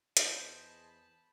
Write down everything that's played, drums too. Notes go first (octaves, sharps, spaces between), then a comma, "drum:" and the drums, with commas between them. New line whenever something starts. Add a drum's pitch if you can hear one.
E2 G#4 C5 D#5 A5 B5 G6, drum: hi-hat